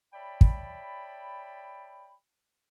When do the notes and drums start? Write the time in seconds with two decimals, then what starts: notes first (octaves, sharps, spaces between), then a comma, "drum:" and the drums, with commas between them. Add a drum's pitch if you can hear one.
0.13 C#5 D5 E5 G5 A5 B5
0.41 drum: kick